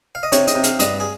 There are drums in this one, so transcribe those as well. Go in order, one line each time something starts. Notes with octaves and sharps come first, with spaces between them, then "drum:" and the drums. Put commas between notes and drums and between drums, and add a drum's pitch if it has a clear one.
F5
D#5
C3 C#5, drum: hi-hat
D#5, drum: hi-hat
C3
F5, drum: hi-hat
G2 D#5, drum: hi-hat
G#4